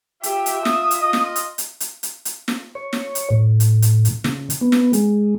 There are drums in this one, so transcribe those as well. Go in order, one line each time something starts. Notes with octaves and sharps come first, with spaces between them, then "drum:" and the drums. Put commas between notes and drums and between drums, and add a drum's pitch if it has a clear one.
F4 G4 E5, drum: hi-hat
drum: hi-hat
D#6, drum: snare
drum: hi-hat
F4 D#5
drum: snare
drum: hi-hat
drum: hi-hat
drum: hi-hat
drum: hi-hat
drum: hi-hat
drum: snare
C#5
drum: snare
drum: hi-hat
A2
drum: hi-hat
drum: hi-hat
drum: hi-hat
C#3, drum: snare
drum: hi-hat
B3
drum: snare
G#3, drum: hi-hat